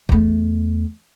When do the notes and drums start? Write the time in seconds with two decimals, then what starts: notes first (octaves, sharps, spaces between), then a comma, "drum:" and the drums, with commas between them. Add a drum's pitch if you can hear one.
0.09 E2 A3, drum: kick